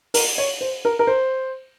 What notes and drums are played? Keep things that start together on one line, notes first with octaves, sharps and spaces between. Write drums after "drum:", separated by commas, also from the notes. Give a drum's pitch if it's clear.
A#4, drum: open hi-hat
C#5
C5
A#4
A#4
C5